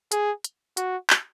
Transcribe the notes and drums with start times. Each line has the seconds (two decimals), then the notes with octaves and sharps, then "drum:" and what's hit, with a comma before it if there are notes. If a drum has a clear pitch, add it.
0.12 G#4, drum: hi-hat
0.44 drum: hi-hat
0.77 F#4, drum: hi-hat
1.10 drum: clap